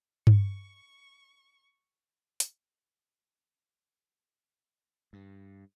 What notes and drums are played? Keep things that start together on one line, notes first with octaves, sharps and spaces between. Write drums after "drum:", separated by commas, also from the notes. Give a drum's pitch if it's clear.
C#6 C#7, drum: tom G2
drum: hi-hat
G2